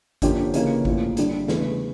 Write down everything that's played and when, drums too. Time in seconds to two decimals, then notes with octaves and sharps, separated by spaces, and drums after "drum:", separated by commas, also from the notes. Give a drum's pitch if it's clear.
0.22 D3 F3 A#3 C#4 G4, drum: kick G#1, hi-hat
0.54 C#3 E3 A#3 C#4, drum: hi-hat
0.85 A2 F3 A#3, drum: kick G#1
1.17 D3 G3 D4 A4, drum: hi-hat
1.48 E2 C#3 E3 A3 E4, drum: snare